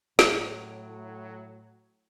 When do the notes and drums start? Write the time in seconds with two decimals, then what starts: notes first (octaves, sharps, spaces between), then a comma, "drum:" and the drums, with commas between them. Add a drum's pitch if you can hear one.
0.19 A2 F#3, drum: snare